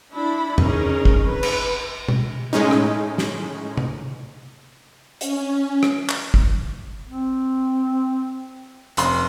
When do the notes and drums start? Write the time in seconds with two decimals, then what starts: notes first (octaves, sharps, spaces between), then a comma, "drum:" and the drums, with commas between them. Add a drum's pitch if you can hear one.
0.14 D4 E4 B5
0.58 C4 C#4 D#4 G#4 A#4, drum: tom E2
1.05 drum: kick
1.28 B4
1.43 drum: cymbal
2.08 drum: tom B2
2.53 A2 G#3 C#4 D#4
2.71 drum: rim click
3.18 drum: snare
3.77 drum: tom
5.21 C#4, drum: hi-hat
5.83 drum: rim click
6.09 drum: clap
6.34 drum: kick
7.07 C4
8.97 F1 C6, drum: hi-hat